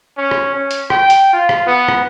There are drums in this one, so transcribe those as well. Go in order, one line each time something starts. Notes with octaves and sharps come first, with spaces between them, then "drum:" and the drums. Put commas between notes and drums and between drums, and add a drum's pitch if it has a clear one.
C#4
drum: rim click
C#4
drum: hi-hat
G5, drum: rim click
drum: hi-hat
F4
drum: rim click
B3
drum: rim click